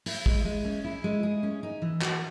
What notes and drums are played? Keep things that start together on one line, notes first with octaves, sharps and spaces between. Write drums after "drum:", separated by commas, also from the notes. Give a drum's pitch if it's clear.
E4, drum: open hi-hat
G#3, drum: kick
G#3
C#4
E4
G#3
G#4
C#4
D#4
E3
F#4, drum: clap